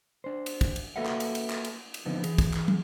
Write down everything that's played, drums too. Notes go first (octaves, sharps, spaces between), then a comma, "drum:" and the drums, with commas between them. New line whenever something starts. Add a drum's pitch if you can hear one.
D4 C5
drum: cymbal
drum: kick, cymbal
drum: cymbal
A#3 F#4 A4 B4 E5 F#5
drum: clap
drum: cymbal
drum: cymbal
drum: clap
drum: cymbal
drum: cymbal
D3 F3 B3 C4 D4 D#4
E3 G#4, drum: cymbal
drum: kick, cymbal
drum: clap
drum: tom